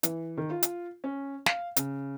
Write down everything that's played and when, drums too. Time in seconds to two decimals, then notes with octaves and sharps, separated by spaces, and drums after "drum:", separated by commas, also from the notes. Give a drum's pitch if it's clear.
0.03 E3, drum: hi-hat
0.37 D#3
0.50 F4
0.63 drum: hi-hat
1.04 C#4
1.46 F5, drum: snare
1.76 C#3, drum: hi-hat